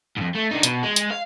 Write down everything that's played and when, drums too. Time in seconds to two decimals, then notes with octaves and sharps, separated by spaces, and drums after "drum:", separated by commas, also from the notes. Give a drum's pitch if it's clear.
0.17 F2 G#2
0.35 A3
0.51 D3 D#4
0.63 B2, drum: hi-hat
0.83 G#3
0.96 drum: hi-hat
1.11 F5